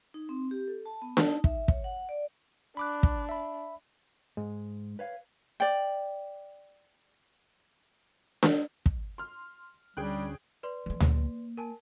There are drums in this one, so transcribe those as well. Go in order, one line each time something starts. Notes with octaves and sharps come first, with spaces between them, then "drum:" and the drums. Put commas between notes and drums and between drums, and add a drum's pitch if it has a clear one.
D#4
C4
G4
A4
A5
B3
A5, drum: snare D4
D#4
E5, drum: kick
C#5, drum: kick
F#5
D5
D4 B5 D6 F#6
drum: kick
E5 B5
G#2 G#3
B4 C#5 F5
D5 G5
drum: snare D4
drum: kick
C6 F6
D2 G3 C#4 G#4 G5 F#6
B4 D5 C6
E3 G#3
A#3, drum: tom D2
A#4 G#5 A5